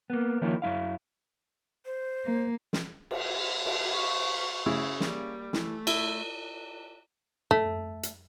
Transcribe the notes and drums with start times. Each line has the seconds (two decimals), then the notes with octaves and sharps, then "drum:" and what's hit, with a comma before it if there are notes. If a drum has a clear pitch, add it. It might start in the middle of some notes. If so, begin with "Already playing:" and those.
0.10 A#3 B3
0.41 D#3 F3 A#3 C#4 E4
0.62 F#2 E4 F5
1.86 C5
2.25 A#3
2.73 drum: snare
3.11 drum: cymbal
3.66 drum: cymbal
3.93 F5 C#6
4.66 C#3 E4
5.00 G3 A#3, drum: snare
5.53 E3 A3, drum: snare
5.87 E4, drum: cymbal
7.51 A3, drum: tom
8.03 drum: hi-hat